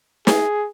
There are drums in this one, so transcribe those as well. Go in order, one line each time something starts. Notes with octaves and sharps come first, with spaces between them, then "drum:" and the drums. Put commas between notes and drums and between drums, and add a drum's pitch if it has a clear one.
G#4, drum: snare